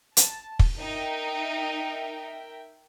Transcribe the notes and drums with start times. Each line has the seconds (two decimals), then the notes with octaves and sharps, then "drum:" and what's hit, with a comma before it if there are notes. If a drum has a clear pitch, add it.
0.17 A5, drum: hi-hat
0.59 drum: kick
0.79 D#4 A#4 E5 G5